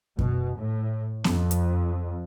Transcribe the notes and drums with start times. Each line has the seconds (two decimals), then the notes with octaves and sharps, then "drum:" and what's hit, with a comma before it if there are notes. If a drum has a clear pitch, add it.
0.19 B2, drum: kick F#2
0.57 A2
1.24 F2, drum: snare B3
1.51 drum: hi-hat